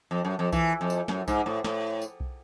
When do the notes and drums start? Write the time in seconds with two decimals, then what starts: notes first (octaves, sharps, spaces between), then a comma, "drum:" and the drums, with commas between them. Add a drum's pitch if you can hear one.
0.11 F2
0.25 F#2
0.39 F2
0.53 E3, drum: kick B1, tambourine
0.81 F2
0.90 drum: tambourine
1.08 F#2, drum: snare
1.28 G#2, drum: kick B1, tambourine
1.46 A2
1.64 A2, drum: snare
2.02 drum: tambourine
2.20 drum: kick B1